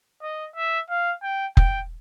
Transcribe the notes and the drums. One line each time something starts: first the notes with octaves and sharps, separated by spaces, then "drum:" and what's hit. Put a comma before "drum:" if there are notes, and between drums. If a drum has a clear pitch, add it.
D#5
E5
F5
G5
G5, drum: kick F1